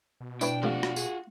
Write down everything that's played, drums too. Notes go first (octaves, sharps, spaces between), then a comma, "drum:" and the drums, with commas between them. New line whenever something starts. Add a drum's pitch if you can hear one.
B2
D4 E4 B4 C#5 G5, drum: tambourine
C3 F3 A3 F4 F#4
drum: rim click
G#4, drum: tambourine